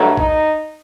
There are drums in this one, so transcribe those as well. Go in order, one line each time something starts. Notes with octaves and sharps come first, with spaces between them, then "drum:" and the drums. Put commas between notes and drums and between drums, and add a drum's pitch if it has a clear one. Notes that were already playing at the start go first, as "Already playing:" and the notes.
Already playing: G2 D#3 F#3 A3
D#4, drum: kick B1